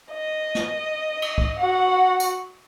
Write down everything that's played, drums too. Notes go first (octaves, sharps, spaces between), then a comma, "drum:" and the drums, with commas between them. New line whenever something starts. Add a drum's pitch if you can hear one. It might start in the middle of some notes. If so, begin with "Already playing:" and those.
D#5
drum: snare
drum: cymbal
drum: kick
F#4 F#5
drum: tambourine